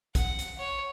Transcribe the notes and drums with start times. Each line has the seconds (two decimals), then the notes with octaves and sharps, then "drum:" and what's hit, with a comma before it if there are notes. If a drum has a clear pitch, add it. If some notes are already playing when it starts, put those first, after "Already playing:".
0.15 F#5, drum: kick, hi-hat
0.39 drum: hi-hat
0.59 C#5